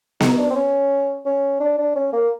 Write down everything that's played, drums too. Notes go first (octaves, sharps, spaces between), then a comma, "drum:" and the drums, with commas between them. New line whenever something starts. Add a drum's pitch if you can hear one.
D#4, drum: snare B3
D4
C4
C#4
C#4
D4
D4
C#4
A#3